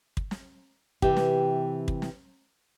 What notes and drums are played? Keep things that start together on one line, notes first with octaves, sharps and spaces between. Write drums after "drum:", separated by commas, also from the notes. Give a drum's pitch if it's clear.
drum: kick
drum: snare
C3 E3 G4, drum: kick
drum: snare
drum: kick
drum: snare